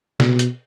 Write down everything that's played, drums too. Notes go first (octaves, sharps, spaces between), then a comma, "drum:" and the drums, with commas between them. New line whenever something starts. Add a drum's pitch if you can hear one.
B2, drum: snare
drum: hi-hat